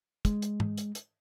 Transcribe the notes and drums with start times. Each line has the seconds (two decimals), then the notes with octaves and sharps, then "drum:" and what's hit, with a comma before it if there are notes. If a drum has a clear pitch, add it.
0.25 G#3, drum: kick, hi-hat
0.42 drum: hi-hat
0.60 drum: tom G#2
0.78 drum: hi-hat
0.95 drum: hi-hat